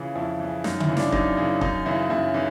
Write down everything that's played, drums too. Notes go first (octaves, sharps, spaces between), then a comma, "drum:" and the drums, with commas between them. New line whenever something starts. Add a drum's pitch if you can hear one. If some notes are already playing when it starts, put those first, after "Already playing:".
Already playing: C#3 E3 F4
F2 E4
C#3 E3
F#2 D#4, drum: snare
E4, drum: tom C#3
C#3 E3
D4, drum: snare
F#2 D#4, drum: kick
C#3 E3
F#2 D#4, drum: kick
C#3 E3 E4
F#2 E4
C#3 E3 D#4